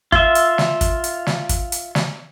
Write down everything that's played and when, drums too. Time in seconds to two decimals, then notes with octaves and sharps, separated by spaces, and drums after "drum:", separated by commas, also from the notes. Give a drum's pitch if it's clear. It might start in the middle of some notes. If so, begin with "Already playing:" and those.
0.12 F4 E5, drum: kick
0.35 drum: hi-hat
0.58 drum: snare
0.81 drum: kick, hi-hat
1.04 drum: hi-hat
1.26 drum: snare
1.49 drum: kick, hi-hat
1.72 drum: hi-hat
1.95 drum: snare